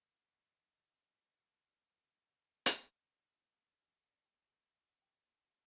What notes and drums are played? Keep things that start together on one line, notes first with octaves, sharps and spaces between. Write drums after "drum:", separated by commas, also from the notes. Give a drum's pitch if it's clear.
D4 D#5
A#4
drum: hi-hat
G4
F4
A#3
G#4
D3
G5
G#4
G5
A#3
F3